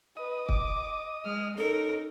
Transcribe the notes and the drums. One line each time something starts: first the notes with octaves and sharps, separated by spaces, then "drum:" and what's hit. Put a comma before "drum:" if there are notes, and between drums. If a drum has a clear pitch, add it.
B4 D#5 D#6
D6, drum: kick
G#3 F6
C#4 D#4 A4 A#4